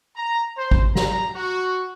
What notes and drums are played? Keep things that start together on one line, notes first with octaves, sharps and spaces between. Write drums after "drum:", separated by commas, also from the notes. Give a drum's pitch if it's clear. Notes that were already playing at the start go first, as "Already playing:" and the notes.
A#5
C5
drum: kick G#1
A#5, drum: snare
F#4